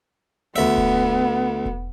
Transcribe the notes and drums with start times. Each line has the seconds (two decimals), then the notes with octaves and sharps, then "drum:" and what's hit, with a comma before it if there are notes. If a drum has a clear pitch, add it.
0.56 D2 B3 E5
0.78 drum: kick E1
1.65 drum: kick E1